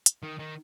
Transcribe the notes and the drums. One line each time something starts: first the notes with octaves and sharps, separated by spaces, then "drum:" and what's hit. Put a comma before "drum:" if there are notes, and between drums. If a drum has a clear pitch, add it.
drum: hi-hat
D#3
D#3